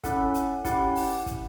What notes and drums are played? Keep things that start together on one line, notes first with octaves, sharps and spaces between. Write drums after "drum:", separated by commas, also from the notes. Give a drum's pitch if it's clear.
C#4 E4 A4 F#5, drum: kick, hi-hat
drum: hi-hat
C#4 E4 G4 F#5, drum: kick, hi-hat
drum: open hi-hat
drum: kick, hi-hat